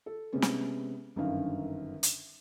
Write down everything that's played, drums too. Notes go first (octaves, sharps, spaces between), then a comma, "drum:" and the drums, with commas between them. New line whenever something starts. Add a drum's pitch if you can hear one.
A4
C3 G#3 B3 C#4
drum: snare
G1 F#2 D3 D#3 F5
drum: hi-hat